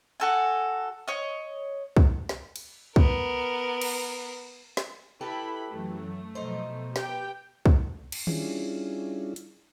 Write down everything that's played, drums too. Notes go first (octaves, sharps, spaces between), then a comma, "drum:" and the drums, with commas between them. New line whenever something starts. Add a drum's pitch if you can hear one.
F#4 A4 G#5
C#5 D#5
drum: kick
drum: snare
drum: cymbal
B3 A#4, drum: kick
drum: cymbal
drum: snare
E4 G4 A4 B4 B5
F#2 E3 F#3 A3
B2 F3 F#3 D#4 C5
B2
G4 B4 G5, drum: snare
drum: kick
drum: cymbal
G3 C#4 D4 E4 F4 G#4, drum: tom D#3
drum: hi-hat